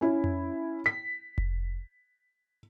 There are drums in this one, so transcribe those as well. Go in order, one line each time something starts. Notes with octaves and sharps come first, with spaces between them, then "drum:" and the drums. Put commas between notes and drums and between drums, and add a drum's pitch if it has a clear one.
C#4 E4
drum: tom F2
B6
drum: kick F1